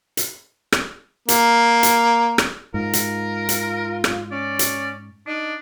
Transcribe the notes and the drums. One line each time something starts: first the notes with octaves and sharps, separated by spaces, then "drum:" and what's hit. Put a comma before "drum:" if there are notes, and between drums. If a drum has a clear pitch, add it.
drum: hi-hat
drum: rim click
A#3, drum: hi-hat
drum: hi-hat
drum: rim click
G#2 F4 A#4
drum: hi-hat
drum: hi-hat
drum: rim click
C#4 D5
drum: hi-hat
D4 D#4